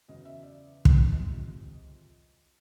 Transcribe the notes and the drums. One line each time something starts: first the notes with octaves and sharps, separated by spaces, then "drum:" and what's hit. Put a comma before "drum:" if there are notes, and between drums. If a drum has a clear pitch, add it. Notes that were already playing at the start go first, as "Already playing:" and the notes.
E2 C#3 F#3 D#5
E5
D5
drum: kick
F2 C3 F3 G#3 D#5